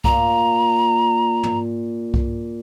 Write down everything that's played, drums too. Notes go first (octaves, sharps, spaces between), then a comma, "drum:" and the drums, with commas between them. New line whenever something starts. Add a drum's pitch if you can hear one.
A#2 A#5, drum: kick C2
drum: tom
drum: kick C2